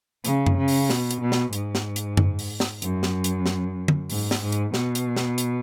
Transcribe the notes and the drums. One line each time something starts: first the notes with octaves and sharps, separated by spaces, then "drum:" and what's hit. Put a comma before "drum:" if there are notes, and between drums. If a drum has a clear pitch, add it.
C#3, drum: hi-hat
drum: tom F#2
C#3
drum: open hi-hat
B2, drum: snare
drum: hi-hat
B2
drum: snare
G#2, drum: hi-hat
drum: snare
drum: hi-hat
drum: tom F#2
drum: open hi-hat
drum: snare
F#2, drum: hi-hat
drum: snare
drum: hi-hat
drum: snare
drum: tom
G#2, drum: open hi-hat
drum: snare
G#2
drum: hi-hat
B2, drum: snare
drum: hi-hat
drum: snare
drum: hi-hat